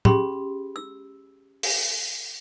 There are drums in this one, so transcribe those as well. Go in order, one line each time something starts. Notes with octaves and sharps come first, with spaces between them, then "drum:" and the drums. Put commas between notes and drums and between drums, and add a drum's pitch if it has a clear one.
C#4 G4 G#4 B5 C6, drum: tom
E6
drum: open hi-hat